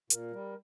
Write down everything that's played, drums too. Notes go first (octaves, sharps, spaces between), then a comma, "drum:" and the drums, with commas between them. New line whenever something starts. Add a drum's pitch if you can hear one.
A#2 A#4, drum: hi-hat
G3